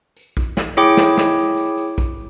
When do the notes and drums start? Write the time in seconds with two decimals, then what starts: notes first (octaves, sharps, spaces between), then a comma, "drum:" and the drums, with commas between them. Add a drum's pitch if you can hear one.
0.17 drum: tambourine
0.37 drum: kick A#1, tambourine
0.57 drum: snare
0.77 E4 G#4 C#5 G5 D6, drum: tambourine
0.97 drum: snare
1.17 drum: snare
1.37 drum: tambourine
1.58 drum: tambourine
1.78 drum: tambourine
1.98 drum: kick A#1, tambourine